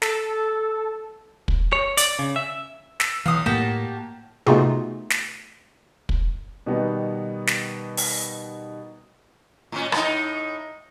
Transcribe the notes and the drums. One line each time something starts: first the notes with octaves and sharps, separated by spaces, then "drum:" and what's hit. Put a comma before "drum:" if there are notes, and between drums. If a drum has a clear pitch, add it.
A4, drum: snare
drum: kick
C#5
D5, drum: hi-hat
C#3
E5
E6, drum: snare
B1 E3 F5 D#6
A2 A3 A#3 F#4 G4 A5
A3 B3 D#4 F4 F#4 G#4, drum: tom C3
drum: snare
drum: kick
B2 D#3 G3 B3 D#4
drum: snare
drum: open hi-hat
A2 C#4
A2 D#4, drum: rim click